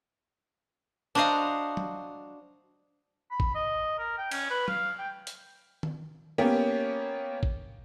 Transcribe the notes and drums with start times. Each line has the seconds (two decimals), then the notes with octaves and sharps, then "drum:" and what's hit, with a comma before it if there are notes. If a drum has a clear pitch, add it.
1.15 D4 F#4 C5 D#5 F5 A#5
1.77 drum: tom F#3
3.31 B5
3.40 drum: kick A1
3.55 D#5
3.99 A#4
4.18 G5
4.31 C#4, drum: cymbal
4.50 B4
4.68 F5, drum: tom F#3
4.99 G5
5.27 drum: hi-hat
5.83 drum: tom D#3
6.38 A#3 B3 C#4 G4
7.43 drum: kick A1